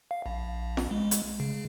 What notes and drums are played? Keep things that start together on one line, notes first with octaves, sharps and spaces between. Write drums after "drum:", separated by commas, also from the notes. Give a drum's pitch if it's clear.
F5
A#1
drum: snare
G#3
drum: hi-hat
C#3